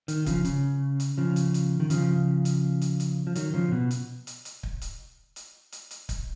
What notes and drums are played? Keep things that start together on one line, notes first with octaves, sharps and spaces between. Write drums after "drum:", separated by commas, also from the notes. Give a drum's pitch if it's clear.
D#3, drum: hi-hat
C#3 F3, drum: kick, hi-hat
C#3, drum: hi-hat
drum: hi-hat
C#3 F3
drum: hi-hat
drum: hi-hat
D#3
C#3 F3, drum: hi-hat
drum: hi-hat
drum: hi-hat
drum: hi-hat
F3
D#3 F#3, drum: hi-hat
C#3 F3
C#3
B2
drum: hi-hat
drum: hi-hat
drum: hi-hat
drum: kick
drum: hi-hat
drum: hi-hat
drum: hi-hat
drum: hi-hat
drum: kick, hi-hat